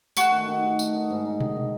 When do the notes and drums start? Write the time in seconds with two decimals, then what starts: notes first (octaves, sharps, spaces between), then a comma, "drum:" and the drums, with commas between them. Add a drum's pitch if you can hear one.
0.17 A3 F#4, drum: tambourine
0.32 D#3
0.48 D#3
0.64 A3
0.79 A3, drum: tambourine
0.95 D#4
1.10 G#2
1.25 D#4
1.40 D#3, drum: tom B2
1.56 D#3